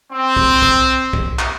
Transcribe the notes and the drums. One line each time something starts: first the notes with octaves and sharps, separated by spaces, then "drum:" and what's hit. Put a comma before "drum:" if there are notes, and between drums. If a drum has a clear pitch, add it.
C4
drum: kick B1
drum: kick B1
drum: kick B1
drum: clap